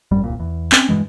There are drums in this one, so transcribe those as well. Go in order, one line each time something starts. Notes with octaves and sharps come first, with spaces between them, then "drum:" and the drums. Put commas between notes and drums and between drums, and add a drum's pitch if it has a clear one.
G#1 F#2 G3
D#1 C2 A#2
E2
C4 C#4, drum: clap
G2 B2 E3 G#3